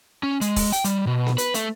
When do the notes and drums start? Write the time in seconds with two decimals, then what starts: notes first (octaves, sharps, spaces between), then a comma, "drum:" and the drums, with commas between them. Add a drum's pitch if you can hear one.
0.23 C#4
0.41 G#3, drum: hi-hat
0.56 drum: kick, open hi-hat
0.73 G5, drum: hi-hat
0.84 G3, drum: hi-hat
1.07 B2
1.26 drum: snare B3
1.38 B4, drum: hi-hat
1.54 A3, drum: hi-hat